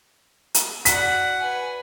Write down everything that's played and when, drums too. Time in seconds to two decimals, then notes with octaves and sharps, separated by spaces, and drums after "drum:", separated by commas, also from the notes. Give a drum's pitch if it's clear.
0.54 drum: hi-hat
0.85 F#4 D5 F#5 B6, drum: hi-hat
1.40 B4 G#5